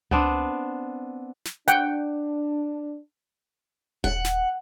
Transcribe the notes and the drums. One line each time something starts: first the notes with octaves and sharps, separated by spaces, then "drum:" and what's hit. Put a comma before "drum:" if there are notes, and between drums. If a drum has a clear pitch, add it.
B3 C4 D4, drum: tom C#2
drum: snare
D4 F#5 G5, drum: hi-hat
F#5, drum: kick D#1
drum: snare